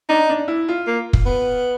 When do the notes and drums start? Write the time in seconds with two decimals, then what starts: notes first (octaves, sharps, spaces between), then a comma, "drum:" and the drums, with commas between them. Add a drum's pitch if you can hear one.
0.09 D4 D#4
0.30 D4
0.48 E4
0.68 F4
0.87 A#3
1.13 drum: kick
1.26 B3